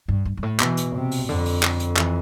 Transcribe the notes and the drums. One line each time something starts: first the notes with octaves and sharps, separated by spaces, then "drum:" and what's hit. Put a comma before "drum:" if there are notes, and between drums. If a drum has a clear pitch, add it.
G2
G2
G2
A2
B2 E3, drum: clap
drum: hi-hat
C3
drum: open hi-hat
F2 D3
drum: open hi-hat
drum: clap
drum: hi-hat
E3, drum: clap